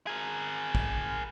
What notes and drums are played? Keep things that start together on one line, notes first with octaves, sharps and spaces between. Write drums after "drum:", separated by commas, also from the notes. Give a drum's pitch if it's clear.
G#4 A#4
drum: kick